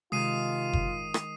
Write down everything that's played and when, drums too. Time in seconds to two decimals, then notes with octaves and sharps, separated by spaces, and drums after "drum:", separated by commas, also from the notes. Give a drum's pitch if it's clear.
0.12 C3 D#3 G#3 F4 D#6 C7 D#7
0.73 drum: kick F#1
1.14 drum: rim click